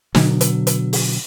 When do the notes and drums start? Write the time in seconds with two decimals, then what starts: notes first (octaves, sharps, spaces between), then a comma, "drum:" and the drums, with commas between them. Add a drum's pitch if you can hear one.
0.15 B2 D3 F#3, drum: snare
0.41 drum: hi-hat
0.67 drum: hi-hat
0.93 drum: open hi-hat